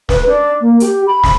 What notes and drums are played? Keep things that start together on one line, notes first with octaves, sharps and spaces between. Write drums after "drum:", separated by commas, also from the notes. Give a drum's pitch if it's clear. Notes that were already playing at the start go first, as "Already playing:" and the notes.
B4, drum: snare
D4
A#3
G4, drum: hi-hat
B5
drum: snare